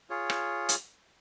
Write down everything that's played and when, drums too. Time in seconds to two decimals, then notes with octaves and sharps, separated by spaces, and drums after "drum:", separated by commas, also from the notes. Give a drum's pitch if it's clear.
0.10 F4 G#4 C#5
0.30 drum: rim click
0.69 drum: hi-hat